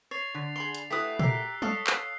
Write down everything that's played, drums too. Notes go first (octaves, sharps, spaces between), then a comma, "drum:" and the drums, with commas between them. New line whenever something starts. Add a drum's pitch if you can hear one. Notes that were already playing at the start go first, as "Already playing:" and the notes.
C#5 A6 C7 F7
D3
G#4 B5 C6
drum: hi-hat
A3 E4 F#4 G4 B4 D#6 F#6 B6
G4 A#4 E6 C7, drum: tom A#2
A4 C#5 D#5 F5 A5 D#6 E6 C7, drum: tom
drum: clap